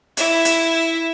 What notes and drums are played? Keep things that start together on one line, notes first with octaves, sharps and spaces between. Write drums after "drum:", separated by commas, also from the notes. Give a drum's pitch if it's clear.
E4 E5, drum: hi-hat
drum: hi-hat